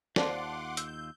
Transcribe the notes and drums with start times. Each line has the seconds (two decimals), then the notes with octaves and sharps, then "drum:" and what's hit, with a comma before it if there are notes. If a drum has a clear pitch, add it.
0.16 D#2 F4 C5 D5 F#5 A5 C6 D6, drum: snare
0.77 E6 G6, drum: hi-hat